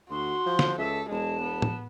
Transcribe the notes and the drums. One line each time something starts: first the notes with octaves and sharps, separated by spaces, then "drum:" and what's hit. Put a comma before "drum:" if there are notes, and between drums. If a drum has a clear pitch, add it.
D2 F#4 C6
F3
drum: snare
C#2 A4 E5
E1 G#3 A5
B3
drum: tom